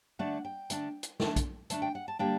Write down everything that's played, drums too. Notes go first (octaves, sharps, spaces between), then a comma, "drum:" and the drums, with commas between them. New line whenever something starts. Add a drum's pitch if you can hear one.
D3 A3 D4 F#5
G5
D3 A3 D4, drum: hi-hat
drum: hi-hat
D3 A3 D4, drum: snare
drum: kick, hi-hat
D3 A3 D4 A5, drum: hi-hat
G5
F#5
A5
D3 G3 A#3 D4 G5